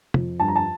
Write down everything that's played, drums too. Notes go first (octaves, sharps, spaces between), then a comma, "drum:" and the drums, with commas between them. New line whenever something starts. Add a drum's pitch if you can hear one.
F2, drum: tom
G2 A5
A#5
A5